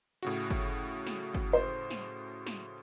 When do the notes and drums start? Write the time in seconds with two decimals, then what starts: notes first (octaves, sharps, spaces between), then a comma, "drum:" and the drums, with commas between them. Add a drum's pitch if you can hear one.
0.23 A2 C#3 F#4, drum: hi-hat
0.51 drum: kick G1
1.07 drum: snare
1.35 drum: kick G1, open hi-hat
1.53 C5
1.91 drum: snare
2.46 drum: snare